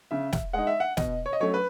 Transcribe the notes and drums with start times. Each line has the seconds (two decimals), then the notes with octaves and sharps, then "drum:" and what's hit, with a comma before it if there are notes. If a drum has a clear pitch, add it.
0.11 C#3 E5
0.33 drum: snare
0.53 G#3 D#4 F#5
0.67 E5
0.80 F#5
0.97 B2 D#5, drum: snare
1.26 C#5
1.33 D#5
1.40 F#3 A3 C#4 C#5
1.54 B4